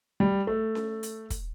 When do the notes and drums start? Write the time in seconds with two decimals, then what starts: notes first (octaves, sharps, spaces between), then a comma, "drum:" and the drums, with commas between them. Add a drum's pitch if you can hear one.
0.20 G3
0.47 A3
0.75 drum: snare C#4
1.03 drum: hi-hat
1.30 drum: kick, hi-hat